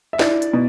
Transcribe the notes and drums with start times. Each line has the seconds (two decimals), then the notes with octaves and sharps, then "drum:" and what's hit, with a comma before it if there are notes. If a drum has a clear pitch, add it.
0.13 E5
0.19 E4 D5, drum: snare
0.42 drum: hi-hat
0.53 B2